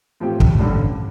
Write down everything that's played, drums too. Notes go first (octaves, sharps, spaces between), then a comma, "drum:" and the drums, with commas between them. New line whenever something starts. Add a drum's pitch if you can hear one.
A2 F3 C4 G4
drum: kick
A1 G2 D3